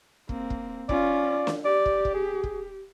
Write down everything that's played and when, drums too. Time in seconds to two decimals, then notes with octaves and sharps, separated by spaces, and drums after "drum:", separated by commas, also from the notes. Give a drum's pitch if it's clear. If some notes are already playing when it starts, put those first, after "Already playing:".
0.29 A#3 C4, drum: kick
0.50 drum: kick
0.89 C#4 F4 D5, drum: kick
1.47 drum: snare
1.65 G4 D5
1.86 drum: kick
2.05 drum: kick
2.14 G#4
2.44 drum: kick